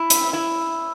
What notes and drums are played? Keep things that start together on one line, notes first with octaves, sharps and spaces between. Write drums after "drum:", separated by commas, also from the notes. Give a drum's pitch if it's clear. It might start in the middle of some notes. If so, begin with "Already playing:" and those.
Already playing: E4
drum: hi-hat
E4